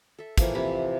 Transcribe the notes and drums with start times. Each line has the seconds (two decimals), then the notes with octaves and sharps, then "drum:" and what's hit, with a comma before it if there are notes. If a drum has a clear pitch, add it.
0.19 A4 E5
0.38 E3 F3 A#3 A4, drum: kick, hi-hat
0.55 C3 B5